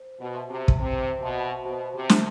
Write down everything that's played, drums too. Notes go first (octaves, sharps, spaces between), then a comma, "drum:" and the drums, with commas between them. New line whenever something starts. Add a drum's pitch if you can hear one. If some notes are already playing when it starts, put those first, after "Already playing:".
Already playing: C5
B2
E5 A5 C6
C3
drum: kick
C3 C5
B2 E5 A5 C6
B2 C5
C3
E5 A5 C6, drum: snare